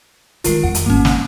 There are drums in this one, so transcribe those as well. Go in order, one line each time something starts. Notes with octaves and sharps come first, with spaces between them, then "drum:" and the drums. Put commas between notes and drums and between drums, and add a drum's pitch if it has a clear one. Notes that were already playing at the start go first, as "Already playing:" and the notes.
D#3 G#3 F4 A#4 C7, drum: hi-hat
F2 F#5
drum: hi-hat
G#1 G#2 A#3 C#4
drum: snare